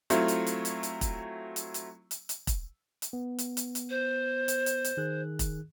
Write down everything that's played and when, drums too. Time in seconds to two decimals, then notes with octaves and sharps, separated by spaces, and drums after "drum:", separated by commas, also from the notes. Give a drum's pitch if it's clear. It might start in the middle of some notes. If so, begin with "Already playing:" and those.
0.10 F#3 A3 C4 E4 F4, drum: hi-hat
0.28 drum: hi-hat
0.47 drum: hi-hat
0.65 drum: hi-hat
0.83 drum: hi-hat
1.01 drum: kick E1, hi-hat
1.56 drum: hi-hat
1.74 drum: hi-hat
2.11 drum: hi-hat
2.29 drum: hi-hat
2.47 drum: kick E1, hi-hat
3.02 drum: hi-hat
3.13 B3
3.39 drum: hi-hat
3.57 drum: hi-hat
3.75 drum: hi-hat
3.90 C5
4.48 drum: hi-hat
4.66 drum: hi-hat
4.84 drum: hi-hat
4.97 D#3 G#4 F#6
5.39 drum: kick E1, hi-hat